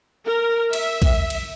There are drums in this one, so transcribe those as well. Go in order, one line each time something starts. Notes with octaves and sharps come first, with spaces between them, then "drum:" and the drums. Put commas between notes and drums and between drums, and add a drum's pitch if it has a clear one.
A#4
E5, drum: cymbal
drum: kick A#1, cymbal
drum: cymbal